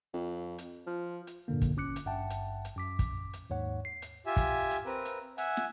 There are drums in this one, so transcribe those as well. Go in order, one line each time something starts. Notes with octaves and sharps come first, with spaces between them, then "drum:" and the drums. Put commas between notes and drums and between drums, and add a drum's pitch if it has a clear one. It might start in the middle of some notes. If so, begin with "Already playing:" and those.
F2
drum: hi-hat
F3
drum: hi-hat
G2 A#2 D3 A#3
drum: kick, hi-hat
G1 C#4 D6 F#6 C#7
drum: hi-hat
G#1 G2 E5 F#5 G5 A5
drum: hi-hat
drum: hi-hat
F#2 D6 B6
drum: kick, hi-hat
drum: hi-hat
D#2 G#2 C#5 F#5
C7
drum: hi-hat
F4 G4 E5 G#5
drum: kick, hi-hat
drum: hi-hat
C4 A#4 B4
drum: hi-hat
E5 F#5 G#5, drum: hi-hat
drum: snare